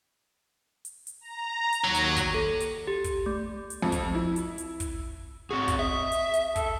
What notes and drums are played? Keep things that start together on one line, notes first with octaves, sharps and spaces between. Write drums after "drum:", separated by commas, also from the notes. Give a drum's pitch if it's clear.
drum: hi-hat
drum: hi-hat
A#5
drum: hi-hat
D#2 F#3 D#7
drum: hi-hat
drum: kick, hi-hat
A4
drum: hi-hat
G4
drum: kick, hi-hat
A3
drum: hi-hat
F2
drum: kick, hi-hat
E4
drum: hi-hat
drum: hi-hat
drum: kick, hi-hat
C4 F#4 G#4
drum: kick, hi-hat
D#5 E5
drum: hi-hat
drum: hi-hat
A4, drum: kick, hi-hat